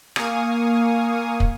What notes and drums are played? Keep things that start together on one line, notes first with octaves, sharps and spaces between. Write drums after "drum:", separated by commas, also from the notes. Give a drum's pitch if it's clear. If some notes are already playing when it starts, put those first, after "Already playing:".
A#3 F5 G#5 C#6 D#6, drum: rim click
drum: kick